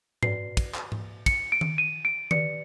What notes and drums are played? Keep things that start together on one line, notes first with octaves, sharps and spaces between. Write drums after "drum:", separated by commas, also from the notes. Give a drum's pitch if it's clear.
F#4 B4 D5 C7, drum: tom G#2
drum: kick, cymbal
drum: clap
drum: tom G#2
C#7, drum: kick, cymbal
D7
drum: tom D#3
D#7
D7
G4 B4 D5 C#7, drum: tom D#3